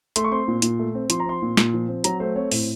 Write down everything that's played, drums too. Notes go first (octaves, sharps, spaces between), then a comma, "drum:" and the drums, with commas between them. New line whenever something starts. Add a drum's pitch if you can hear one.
A3 C6, drum: hi-hat
C#6
C4 C6
A#2
A#2, drum: hi-hat
A3
C4
F3 C6, drum: hi-hat
A#5
C4 C6
A#2
A#2, drum: snare
F3
C4
F#3 A#5, drum: hi-hat
A3 C5
C4 C#5
A2, drum: open hi-hat